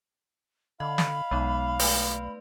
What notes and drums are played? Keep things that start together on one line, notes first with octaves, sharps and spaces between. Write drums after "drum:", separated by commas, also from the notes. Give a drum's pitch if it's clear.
D3 D#5 F5 B5
drum: snare
B1 G#3 B3 D#4
A3 B4 D5, drum: open hi-hat